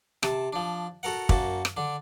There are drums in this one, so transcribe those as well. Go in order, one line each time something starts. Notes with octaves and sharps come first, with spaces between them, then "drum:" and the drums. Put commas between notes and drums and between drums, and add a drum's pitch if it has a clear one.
C3 A5, drum: rim click
F3 D4
F#4 A4 A#4 F#5
F#2 A#3 F#4 A5, drum: kick
drum: rim click
D3 D4